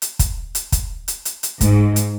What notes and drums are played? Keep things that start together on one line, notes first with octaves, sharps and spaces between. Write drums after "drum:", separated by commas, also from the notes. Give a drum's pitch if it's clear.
drum: hi-hat
drum: kick, hi-hat
drum: hi-hat
drum: kick, hi-hat
drum: hi-hat
drum: hi-hat
drum: hi-hat
G#2, drum: kick, hi-hat
drum: hi-hat